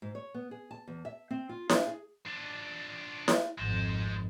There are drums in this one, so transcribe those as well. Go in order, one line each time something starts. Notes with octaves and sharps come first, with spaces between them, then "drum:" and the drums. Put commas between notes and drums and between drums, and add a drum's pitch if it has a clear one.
G#2
C#5
B3
G#4
A5
E2
E5
C4
F4
D4, drum: snare E4
G#4
D4 F4
drum: snare E4
G#1 F2 G#2 G#3 C5